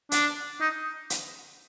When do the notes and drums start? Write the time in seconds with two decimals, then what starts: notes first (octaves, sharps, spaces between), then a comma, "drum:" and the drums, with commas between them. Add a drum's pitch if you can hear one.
0.12 D4, drum: hi-hat
0.61 D#4
1.10 drum: hi-hat